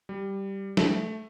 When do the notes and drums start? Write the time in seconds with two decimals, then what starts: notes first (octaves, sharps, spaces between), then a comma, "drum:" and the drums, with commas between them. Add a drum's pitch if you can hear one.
0.09 G3
0.77 A3, drum: snare